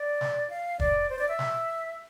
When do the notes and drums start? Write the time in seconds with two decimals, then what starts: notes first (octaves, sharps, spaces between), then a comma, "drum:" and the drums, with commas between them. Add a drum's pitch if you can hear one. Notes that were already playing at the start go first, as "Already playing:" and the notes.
Already playing: D5
0.21 drum: snare
0.50 F5
0.80 D5, drum: kick
1.10 C5
1.19 D5
1.28 E5
1.39 drum: snare